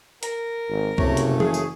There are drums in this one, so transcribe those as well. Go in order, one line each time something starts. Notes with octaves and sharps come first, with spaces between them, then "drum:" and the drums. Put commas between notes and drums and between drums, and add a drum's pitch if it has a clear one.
A#4, drum: hi-hat
G#1
F#1 C3 A3 C#5, drum: kick C2
drum: hi-hat
G#4, drum: tom E3
drum: tambourine